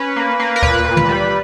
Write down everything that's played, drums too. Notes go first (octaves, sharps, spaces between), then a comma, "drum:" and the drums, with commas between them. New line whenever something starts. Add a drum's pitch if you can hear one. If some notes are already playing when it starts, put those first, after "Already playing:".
Already playing: C#4 B4
A#3
A#3
A#4
A#2 B4, drum: kick D2
A#2
drum: tom
G3